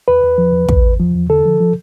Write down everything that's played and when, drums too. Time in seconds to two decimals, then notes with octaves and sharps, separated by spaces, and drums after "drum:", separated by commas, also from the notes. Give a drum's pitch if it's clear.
0.08 E2 B4
0.23 E2
0.38 F3
0.53 E2
0.69 E2, drum: kick
0.84 E2
1.00 F3
1.15 E2
1.30 D3 A4
1.46 F3
1.60 F3